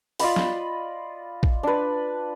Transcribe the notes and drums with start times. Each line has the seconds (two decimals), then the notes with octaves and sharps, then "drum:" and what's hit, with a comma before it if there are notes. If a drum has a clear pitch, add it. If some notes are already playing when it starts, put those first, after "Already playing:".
0.19 F4 D5 D#5 B5, drum: open hi-hat
0.36 drum: snare
1.43 drum: kick
1.63 D4 B4